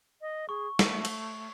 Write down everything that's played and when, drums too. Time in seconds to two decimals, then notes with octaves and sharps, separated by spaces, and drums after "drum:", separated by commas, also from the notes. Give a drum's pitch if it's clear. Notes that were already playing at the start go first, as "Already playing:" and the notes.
0.21 D#5
0.49 G#4 C#6
0.79 A3, drum: snare
1.05 drum: cymbal